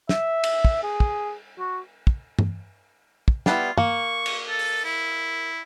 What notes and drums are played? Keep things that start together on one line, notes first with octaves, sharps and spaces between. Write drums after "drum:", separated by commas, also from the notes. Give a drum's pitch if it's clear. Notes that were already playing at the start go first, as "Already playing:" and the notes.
E5, drum: snare
drum: cymbal
drum: kick
G#4
drum: kick
F#4
drum: kick
drum: tom G2
drum: kick
G3 B3 E4 F4, drum: snare
A#3 C#6, drum: tom
drum: cymbal
A4
drum: open hi-hat
E4